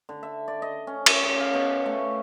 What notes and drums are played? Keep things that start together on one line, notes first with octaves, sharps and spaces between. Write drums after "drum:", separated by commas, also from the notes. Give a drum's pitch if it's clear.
D3
E5
D5
D#5
C#4
C#5, drum: cymbal
C#3
F5
B2
A3